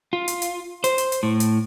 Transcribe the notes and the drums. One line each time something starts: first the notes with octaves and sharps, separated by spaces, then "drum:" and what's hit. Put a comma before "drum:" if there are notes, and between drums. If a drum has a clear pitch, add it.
F4
drum: hi-hat
drum: hi-hat
C5, drum: hi-hat
drum: hi-hat
drum: hi-hat
A2
drum: hi-hat